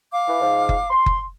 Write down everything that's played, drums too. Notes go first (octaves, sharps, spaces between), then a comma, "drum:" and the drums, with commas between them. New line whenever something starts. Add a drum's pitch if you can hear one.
F5 D6
E3
G#2 F3
drum: kick F#1
C6
drum: kick F#1